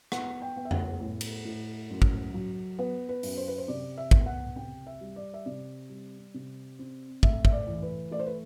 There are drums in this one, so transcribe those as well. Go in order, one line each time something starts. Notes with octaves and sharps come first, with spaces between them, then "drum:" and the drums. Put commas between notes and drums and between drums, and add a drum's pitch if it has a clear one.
B3 F#5, drum: rim click
G5
B3
E5
F#5, drum: tom F2
A2
drum: cymbal
A2
F#2
drum: kick
F#3
B3 B4
B4
F#2, drum: open hi-hat
C5
B4
C5
C3 D5
E5
B3, drum: kick
F#5
C3 G5
E5
G3
D5
E5
C3 D5
G3
C3
C4
A3 E5, drum: kick
E5, drum: kick
D5
E3
B4
A3 D5
C5
B4